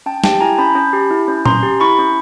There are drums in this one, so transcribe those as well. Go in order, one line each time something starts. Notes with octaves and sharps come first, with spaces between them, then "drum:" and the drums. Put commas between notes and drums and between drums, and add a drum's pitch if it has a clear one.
C#4 G5 A5
G4 G5 A5, drum: snare
E4 G#5 A#5
C#4 A5 B5
C#4
G4
E4
C#4
C#4 A#5 C6, drum: tom A#2
G4
E4 B5 C#6
C#4